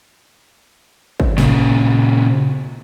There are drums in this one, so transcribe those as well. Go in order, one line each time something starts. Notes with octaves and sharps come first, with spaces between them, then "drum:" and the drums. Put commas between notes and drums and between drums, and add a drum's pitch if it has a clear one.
drum: kick G#1
A#2 C#3, drum: snare